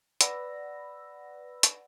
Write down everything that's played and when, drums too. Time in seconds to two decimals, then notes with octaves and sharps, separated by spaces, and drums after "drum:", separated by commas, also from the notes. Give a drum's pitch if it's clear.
0.21 B4 D5 F#5 B5 E6 A#6, drum: hi-hat
1.63 drum: hi-hat